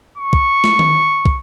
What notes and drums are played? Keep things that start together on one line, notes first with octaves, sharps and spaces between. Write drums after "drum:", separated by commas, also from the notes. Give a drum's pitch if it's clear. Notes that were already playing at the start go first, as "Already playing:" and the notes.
C#6
drum: kick
drum: snare A3
drum: tom D#3
drum: kick